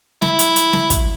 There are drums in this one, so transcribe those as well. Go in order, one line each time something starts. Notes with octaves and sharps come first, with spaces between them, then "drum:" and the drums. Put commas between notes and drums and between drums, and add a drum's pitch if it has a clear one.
E4, drum: snare
drum: hi-hat
drum: hi-hat
drum: snare
drum: kick, hi-hat